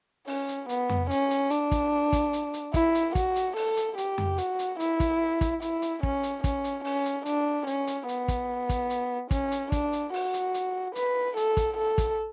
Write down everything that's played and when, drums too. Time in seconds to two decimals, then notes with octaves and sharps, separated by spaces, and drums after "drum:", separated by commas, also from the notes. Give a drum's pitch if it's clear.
0.27 C#4, drum: open hi-hat
0.48 drum: hi-hat
0.69 B3, drum: hi-hat
0.89 drum: tom F2
1.10 C#4, drum: hi-hat
1.30 drum: hi-hat
1.51 D4, drum: hi-hat
1.72 drum: kick, hi-hat
2.13 drum: kick, hi-hat
2.33 drum: hi-hat
2.54 drum: hi-hat
2.74 E4, drum: kick, hi-hat
2.95 drum: hi-hat
3.15 F#4, drum: kick, hi-hat
3.36 drum: hi-hat
3.56 A4, drum: open hi-hat
3.77 drum: hi-hat
3.98 G4, drum: hi-hat
4.18 drum: tom F2
4.38 F#4, drum: hi-hat
4.59 drum: hi-hat
4.80 E4, drum: hi-hat
5.00 drum: kick, hi-hat
5.41 drum: kick, hi-hat
5.62 E4, drum: hi-hat
5.82 drum: hi-hat
6.03 C#4, drum: kick
6.23 drum: hi-hat
6.44 C#4, drum: kick, hi-hat
6.64 drum: hi-hat
6.85 C#4, drum: open hi-hat
7.05 drum: hi-hat
7.26 D4, drum: hi-hat
7.67 C#4, drum: hi-hat
7.87 drum: hi-hat
8.08 B3, drum: hi-hat
8.28 drum: kick, hi-hat
8.69 drum: kick, hi-hat
8.90 drum: hi-hat
9.31 C#4, drum: kick, hi-hat
9.52 drum: hi-hat
9.72 D4, drum: kick, hi-hat
9.93 drum: hi-hat
10.14 F#4, drum: open hi-hat
10.34 drum: hi-hat
10.54 drum: hi-hat
10.95 B4, drum: hi-hat
11.37 A4, drum: hi-hat
11.57 drum: kick, hi-hat
11.77 A4
11.98 drum: kick, hi-hat